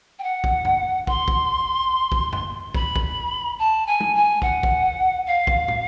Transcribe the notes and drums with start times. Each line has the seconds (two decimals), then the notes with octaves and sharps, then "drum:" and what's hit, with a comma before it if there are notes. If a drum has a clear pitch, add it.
0.19 G5
0.23 F#5
0.44 drum: kick
0.65 drum: tom F#2
1.07 C6, drum: kick
1.28 drum: kick
2.12 drum: kick
2.33 drum: tom F#2
2.75 B5, drum: kick
2.96 drum: kick
3.59 A5
3.87 G#5
4.00 drum: tom
4.15 G#5
4.42 F#5, drum: kick
4.63 drum: kick
5.26 F5
5.47 drum: kick
5.68 drum: tom